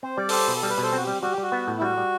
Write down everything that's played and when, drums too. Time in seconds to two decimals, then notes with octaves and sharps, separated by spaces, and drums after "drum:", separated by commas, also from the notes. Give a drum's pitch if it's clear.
0.03 C4 C5
0.17 G3 D5
0.29 G4 A4 C5, drum: open hi-hat
0.48 B2
0.56 A4
0.63 G3
0.69 B4
0.78 B2 A4 C5
0.93 C4 F#4
1.03 G3 G4
1.22 G3 F#4
1.32 G4
1.38 G3 F#4
1.52 B3
1.67 A2
1.78 E4
1.81 G3 F#4
1.97 G3